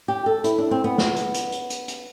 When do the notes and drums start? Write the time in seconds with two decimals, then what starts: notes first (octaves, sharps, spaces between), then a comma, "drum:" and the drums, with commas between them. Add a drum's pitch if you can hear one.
0.08 G4
0.26 A4
0.44 E4, drum: hi-hat
0.58 D4
0.71 C4
0.84 B3
0.98 drum: snare
1.16 drum: hi-hat
1.34 drum: hi-hat
1.52 drum: hi-hat
1.70 drum: hi-hat
1.88 drum: hi-hat